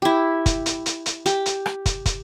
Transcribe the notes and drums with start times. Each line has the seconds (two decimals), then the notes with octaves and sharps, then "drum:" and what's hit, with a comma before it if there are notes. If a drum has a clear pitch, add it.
0.02 E4 G4
0.46 drum: kick, hi-hat
0.66 drum: hi-hat
0.86 drum: hi-hat
1.06 drum: hi-hat
1.26 G4, drum: hi-hat
1.46 drum: hi-hat
1.66 drum: rim click
1.86 drum: kick, hi-hat
2.06 drum: kick, hi-hat